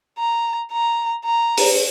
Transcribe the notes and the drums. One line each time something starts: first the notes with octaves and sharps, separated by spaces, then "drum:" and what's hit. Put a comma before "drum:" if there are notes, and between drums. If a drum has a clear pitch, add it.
A#5
A#5
A#5
drum: open hi-hat